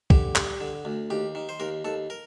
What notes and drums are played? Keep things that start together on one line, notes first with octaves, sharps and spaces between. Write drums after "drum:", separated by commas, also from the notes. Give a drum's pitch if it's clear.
D3 G4, drum: kick
G3, drum: clap
D3
D2
D#2 G4
D#3
C5
D#2 A#4
D#2 A4
A#4